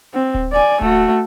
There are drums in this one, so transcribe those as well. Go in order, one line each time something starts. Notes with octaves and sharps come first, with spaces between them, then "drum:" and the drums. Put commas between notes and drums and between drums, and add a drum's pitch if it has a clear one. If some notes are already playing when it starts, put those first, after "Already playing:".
C4
drum: kick D1
D5 G#5
A3 F#4, drum: kick D1